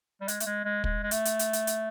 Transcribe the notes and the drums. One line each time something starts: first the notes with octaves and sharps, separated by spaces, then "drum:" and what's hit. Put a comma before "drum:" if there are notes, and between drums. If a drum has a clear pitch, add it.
G3
G#3, drum: hi-hat
A3, drum: hi-hat
G#3
G#3
G#3, drum: kick
G#3
A3, drum: hi-hat
drum: hi-hat
drum: hi-hat
drum: hi-hat
drum: hi-hat